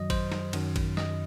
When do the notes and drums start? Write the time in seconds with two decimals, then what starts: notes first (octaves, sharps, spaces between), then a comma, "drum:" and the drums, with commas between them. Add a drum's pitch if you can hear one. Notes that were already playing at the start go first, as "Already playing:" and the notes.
Already playing: F#2 D#3 F#3 D#5
0.10 C5, drum: kick G#1, cymbal
0.32 drum: snare
0.53 F#2 D#3 F#3, drum: cymbal
0.76 drum: kick G#1, cymbal
0.97 D#5, drum: snare